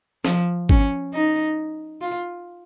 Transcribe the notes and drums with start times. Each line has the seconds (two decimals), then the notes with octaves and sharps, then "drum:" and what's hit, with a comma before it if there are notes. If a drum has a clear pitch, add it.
0.25 F3, drum: snare
0.69 C#4, drum: kick G#1
1.14 D#4
2.01 F4